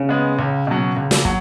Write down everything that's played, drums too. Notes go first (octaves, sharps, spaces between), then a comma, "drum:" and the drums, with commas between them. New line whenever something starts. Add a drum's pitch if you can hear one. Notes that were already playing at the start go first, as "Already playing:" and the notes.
Already playing: C#3
G#3 B3
C#2
B2 F#3
C#2
drum: snare
F#3, drum: kick